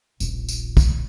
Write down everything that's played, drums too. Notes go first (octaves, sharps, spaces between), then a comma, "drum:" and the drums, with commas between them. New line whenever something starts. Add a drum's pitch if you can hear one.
D#1 A#1, drum: tambourine
drum: tambourine
drum: kick, tambourine